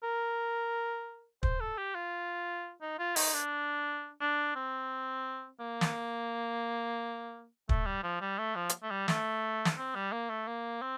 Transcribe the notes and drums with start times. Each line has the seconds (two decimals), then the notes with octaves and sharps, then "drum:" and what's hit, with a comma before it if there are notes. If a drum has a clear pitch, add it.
0.03 A#4
1.43 C5, drum: kick
1.60 A4
1.78 G4
1.95 F4
2.82 D#4
2.99 F4
3.16 D#4, drum: open hi-hat
3.34 D4
4.21 D4
4.56 C4
5.60 A#3
5.81 drum: snare
7.69 A3, drum: kick
7.86 G3
8.03 F3
8.21 G3
8.38 A3
8.55 F3
8.69 drum: hi-hat
8.83 A3
8.90 G3
9.08 A3, drum: snare
9.65 drum: snare
9.78 C4
9.95 G3
10.12 A#3
10.29 A3
10.47 A#3
10.82 C4